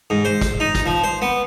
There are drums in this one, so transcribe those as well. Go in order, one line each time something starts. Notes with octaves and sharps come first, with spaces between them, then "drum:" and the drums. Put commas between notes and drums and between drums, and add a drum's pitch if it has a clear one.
G#2
C5
drum: kick, hi-hat
D#4
drum: kick, hi-hat
F3
C5
B3